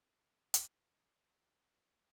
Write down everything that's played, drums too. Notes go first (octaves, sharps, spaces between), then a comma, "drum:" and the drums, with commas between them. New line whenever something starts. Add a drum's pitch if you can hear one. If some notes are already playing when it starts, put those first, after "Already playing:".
G3 A3 A#3 D#4
drum: hi-hat